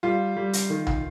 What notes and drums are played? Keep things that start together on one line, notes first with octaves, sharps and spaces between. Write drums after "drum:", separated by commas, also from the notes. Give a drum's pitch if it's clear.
G3 F4
G3
drum: hi-hat
D#3
drum: tom C2